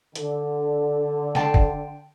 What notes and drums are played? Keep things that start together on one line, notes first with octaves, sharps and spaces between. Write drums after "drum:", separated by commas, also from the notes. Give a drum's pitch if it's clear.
D3, drum: hi-hat
G5 A5 C6, drum: snare
drum: kick F#1